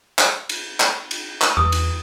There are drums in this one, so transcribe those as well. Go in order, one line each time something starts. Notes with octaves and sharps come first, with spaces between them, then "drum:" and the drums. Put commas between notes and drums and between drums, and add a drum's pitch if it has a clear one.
drum: clap
drum: cymbal
drum: clap
drum: cymbal
drum: clap
E2 D#6
drum: cymbal